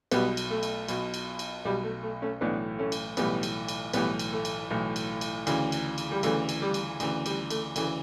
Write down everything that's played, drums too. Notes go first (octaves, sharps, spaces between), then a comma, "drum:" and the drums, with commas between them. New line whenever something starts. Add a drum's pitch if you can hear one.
B1 B2 G3 B3, drum: cymbal
drum: cymbal
A3
drum: cymbal
B1 B2, drum: cymbal
drum: cymbal
drum: cymbal
B1 B2 G3
A3
A3
A3 C#4
B1 A2 E3 B3 D4
A3 C#4
drum: cymbal
B1 A2 E3 G3 B3, drum: cymbal
drum: cymbal
drum: cymbal
B1 A2 E3 G3 B3, drum: cymbal
drum: cymbal
A3
drum: cymbal
B1 A2 E3
drum: cymbal
drum: cymbal
D2 C#3 E3, drum: cymbal
drum: cymbal
drum: cymbal
G3
D2 C#3 E3 A3, drum: cymbal
drum: cymbal
G3
drum: cymbal
D2 C#3 E3, drum: cymbal
G3, drum: cymbal
A3, drum: cymbal
D2 C#3 E3 A3, drum: cymbal